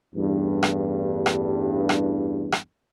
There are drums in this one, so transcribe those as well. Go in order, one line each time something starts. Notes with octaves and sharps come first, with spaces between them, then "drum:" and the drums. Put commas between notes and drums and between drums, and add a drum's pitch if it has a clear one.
A1 E2 G2
drum: rim click
drum: rim click
drum: rim click
drum: rim click